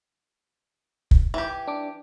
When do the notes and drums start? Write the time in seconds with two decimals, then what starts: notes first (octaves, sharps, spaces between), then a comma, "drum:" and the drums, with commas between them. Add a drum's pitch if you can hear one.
1.11 drum: kick
1.34 E3 G4
1.67 D4 D6